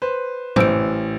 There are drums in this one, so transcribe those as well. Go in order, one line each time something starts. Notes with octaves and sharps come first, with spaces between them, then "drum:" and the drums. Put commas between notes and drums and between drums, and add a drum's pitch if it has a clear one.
B4 C5
A1 E3 C5 E6 D7, drum: tom G#2